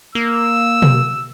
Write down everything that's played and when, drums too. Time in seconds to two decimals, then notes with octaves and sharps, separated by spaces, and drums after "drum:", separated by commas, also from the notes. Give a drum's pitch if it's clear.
0.15 A#3 E6
0.82 drum: tom B2